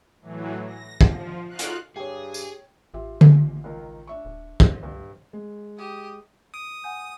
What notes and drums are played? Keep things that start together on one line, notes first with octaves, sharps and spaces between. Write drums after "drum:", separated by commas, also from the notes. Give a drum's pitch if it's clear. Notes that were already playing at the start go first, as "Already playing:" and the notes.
A2 E3 F#3
A#6
F3, drum: kick
D#4 F4 F#4 F5 F#6
drum: hi-hat
G2 G4 G#4 C#5 G5
drum: tambourine
A1 F4 G4 E5
drum: tom D3
C#2 D#3 A#4
D4 E5 C#6
D#1
D#3, drum: kick
C#2 G2
G#3
G4 D#6
D#6 D7
F#5 G#5 G6